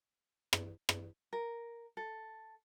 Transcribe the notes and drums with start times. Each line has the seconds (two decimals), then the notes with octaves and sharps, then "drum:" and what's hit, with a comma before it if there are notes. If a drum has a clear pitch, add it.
0.53 drum: rim click
0.89 drum: rim click
1.33 A#4
1.97 A4